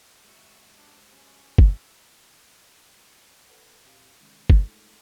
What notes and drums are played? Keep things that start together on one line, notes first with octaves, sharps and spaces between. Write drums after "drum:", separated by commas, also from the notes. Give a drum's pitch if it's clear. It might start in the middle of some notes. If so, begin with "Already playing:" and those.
G#3 C4 F#4 E5
D4 G4 C5
C#4
drum: kick G1
E6
A4 B4 C#5 F#5
A#2 C4 G4 F5
C3 D#3 G#3 C4 C#4
G#3 A3 D#4 F4 G#4 A4, drum: kick G1